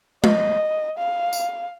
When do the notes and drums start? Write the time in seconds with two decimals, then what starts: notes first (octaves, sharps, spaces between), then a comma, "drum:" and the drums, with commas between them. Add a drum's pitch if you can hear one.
0.24 D#5, drum: tom G#3
0.98 F5
1.33 drum: tambourine